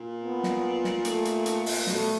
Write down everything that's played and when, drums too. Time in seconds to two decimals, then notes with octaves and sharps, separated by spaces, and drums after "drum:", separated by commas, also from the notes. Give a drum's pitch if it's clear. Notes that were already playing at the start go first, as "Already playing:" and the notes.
Already playing: A#2
0.23 B3
0.43 drum: snare
0.84 drum: snare
1.05 A3, drum: hi-hat
1.25 drum: hi-hat
1.46 drum: hi-hat
1.66 drum: open hi-hat
1.87 B2 A3, drum: snare